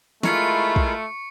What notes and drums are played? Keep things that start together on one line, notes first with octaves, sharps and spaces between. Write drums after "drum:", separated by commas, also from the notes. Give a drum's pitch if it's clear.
G#3 A3 E4 F4 A#4 B5 C#6 C#7, drum: snare
drum: kick